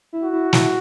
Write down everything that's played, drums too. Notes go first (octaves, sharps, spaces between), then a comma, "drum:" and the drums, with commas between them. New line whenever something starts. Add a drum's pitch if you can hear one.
E4
F#4
E4
E4, drum: snare